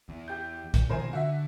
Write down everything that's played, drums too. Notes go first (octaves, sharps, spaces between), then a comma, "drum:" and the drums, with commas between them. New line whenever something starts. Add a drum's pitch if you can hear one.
E2
G4 G6
A#2, drum: kick, hi-hat
B2 D#3 F3 A#4 C5 G#5
D3 F#4 E5